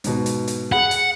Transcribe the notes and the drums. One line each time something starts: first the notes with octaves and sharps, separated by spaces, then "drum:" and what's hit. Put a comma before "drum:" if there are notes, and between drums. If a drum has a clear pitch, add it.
G#2 B2, drum: hi-hat
drum: hi-hat
drum: hi-hat
G#4 F#5 B5
drum: hi-hat